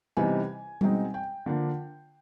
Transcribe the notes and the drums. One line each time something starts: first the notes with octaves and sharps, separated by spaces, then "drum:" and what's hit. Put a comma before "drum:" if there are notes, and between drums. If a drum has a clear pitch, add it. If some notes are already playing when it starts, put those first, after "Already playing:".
C3 E3 G3 B3 D#4 G#5
B2 G#3 C4 D#4, drum: tom G3
G5
D3 F3 A#3 D4